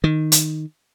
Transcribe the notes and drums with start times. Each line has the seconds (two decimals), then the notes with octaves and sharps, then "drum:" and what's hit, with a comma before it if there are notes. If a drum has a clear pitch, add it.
0.04 D#3
0.32 drum: hi-hat